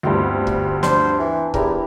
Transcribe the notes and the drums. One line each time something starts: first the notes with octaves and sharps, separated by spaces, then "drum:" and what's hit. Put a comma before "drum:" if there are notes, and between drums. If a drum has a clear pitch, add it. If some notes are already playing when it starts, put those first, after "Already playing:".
D2 G2 B3 C4 F4
drum: kick
D4 C5, drum: snare
E3
E2 E4 G4 A#4, drum: kick